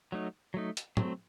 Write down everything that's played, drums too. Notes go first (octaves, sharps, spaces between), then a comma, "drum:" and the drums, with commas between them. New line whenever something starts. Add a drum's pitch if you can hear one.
F#3 A3 D#4
F#3 A3 D#4
drum: hi-hat
F#3 A3 C4, drum: tom